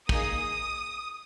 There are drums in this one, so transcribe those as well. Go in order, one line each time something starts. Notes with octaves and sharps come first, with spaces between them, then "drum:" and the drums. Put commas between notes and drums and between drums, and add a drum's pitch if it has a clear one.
A#3 D#4 G#4 D#6, drum: kick